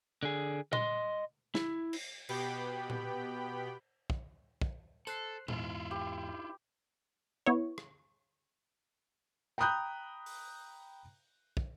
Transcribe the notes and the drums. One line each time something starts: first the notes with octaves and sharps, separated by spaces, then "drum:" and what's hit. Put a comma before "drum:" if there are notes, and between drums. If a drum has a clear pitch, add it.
D3 G#4
D#5 C6, drum: tom A#2
E4, drum: snare
drum: cymbal
B2 B3 G4 G5 B5, drum: cymbal
drum: tom A#2
drum: kick
drum: kick
A4 C5 F#6 C7, drum: tambourine
E2 G#2 E4 F4, drum: tom A#2
G4 B4
B3 E4 C#5
drum: rim click
G5 A#5 B5 D#6 F#6 G6
drum: open hi-hat
drum: kick